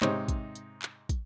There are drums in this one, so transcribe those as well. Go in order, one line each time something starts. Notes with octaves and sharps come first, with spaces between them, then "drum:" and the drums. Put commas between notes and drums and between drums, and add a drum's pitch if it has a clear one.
G#2 C3 D#4 C5 C#5, drum: clap
drum: kick, hi-hat
drum: hi-hat
drum: clap
drum: kick, hi-hat